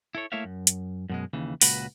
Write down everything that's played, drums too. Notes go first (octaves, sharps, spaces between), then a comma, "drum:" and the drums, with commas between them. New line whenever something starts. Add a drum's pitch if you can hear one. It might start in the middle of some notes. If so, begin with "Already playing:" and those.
E4 A4 C#5
A3 A#3 E4 C#5 E5 F5
F#2
drum: hi-hat
F#2 B2 G#3
D#2 C#3 E3
C#2 A#2 F#4 B4 B5, drum: open hi-hat